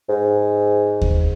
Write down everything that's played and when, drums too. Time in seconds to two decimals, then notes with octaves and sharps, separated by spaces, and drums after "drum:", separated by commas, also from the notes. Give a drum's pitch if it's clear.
0.09 G#2
1.02 drum: kick D#2